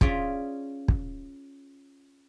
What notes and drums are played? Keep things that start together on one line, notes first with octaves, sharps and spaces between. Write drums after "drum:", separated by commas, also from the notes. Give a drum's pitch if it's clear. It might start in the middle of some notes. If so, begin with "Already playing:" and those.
C#4 F4 G#4 D5 E5, drum: kick
drum: kick